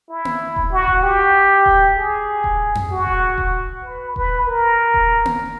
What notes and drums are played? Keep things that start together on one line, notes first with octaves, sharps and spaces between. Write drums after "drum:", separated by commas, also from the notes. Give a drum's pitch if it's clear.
E4
drum: tom A#3
drum: kick D#1
F#4
drum: kick D#1
G4
drum: kick D#1
G#4
drum: kick D#1
drum: tom F2
F#4
drum: kick D#1
drum: kick D#1
B4
B4, drum: kick D#1
A#4
drum: kick D#1
drum: tom A#3